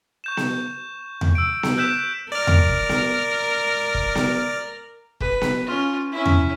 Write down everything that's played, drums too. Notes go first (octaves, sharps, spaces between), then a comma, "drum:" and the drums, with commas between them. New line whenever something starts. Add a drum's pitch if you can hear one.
C#6 G6 E7
drum: snare B3
drum: tom E2
E6 D7
drum: snare B3
E6 F#6 G6 B6 E7
A#4 D5 F6
drum: tom E2
drum: kick
drum: snare B3
drum: kick
drum: snare B3
B4, drum: kick
drum: snare B3
C#4 F4
C#4 E4
drum: tom E2